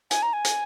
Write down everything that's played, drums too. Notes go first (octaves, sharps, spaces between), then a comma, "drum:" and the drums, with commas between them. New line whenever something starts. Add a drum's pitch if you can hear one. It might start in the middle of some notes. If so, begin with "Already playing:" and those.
G#5, drum: hi-hat
A#5
G#5
drum: hi-hat